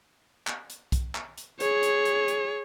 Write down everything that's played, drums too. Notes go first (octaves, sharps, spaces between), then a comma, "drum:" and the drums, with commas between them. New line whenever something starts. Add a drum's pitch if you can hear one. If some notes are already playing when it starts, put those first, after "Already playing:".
drum: clap
drum: hi-hat
drum: kick B1, hi-hat
drum: clap
drum: hi-hat
G#4 C#5, drum: hi-hat
drum: hi-hat
drum: hi-hat
drum: hi-hat